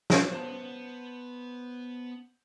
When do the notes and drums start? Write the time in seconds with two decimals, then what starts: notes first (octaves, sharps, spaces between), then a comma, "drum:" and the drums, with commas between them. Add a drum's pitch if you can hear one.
0.10 drum: snare
0.32 B3 C5 A5